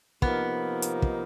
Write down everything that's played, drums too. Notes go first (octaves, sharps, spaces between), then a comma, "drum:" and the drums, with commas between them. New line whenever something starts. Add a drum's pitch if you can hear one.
C3 F3 A#3 B3 D#4, drum: kick
drum: hi-hat
drum: kick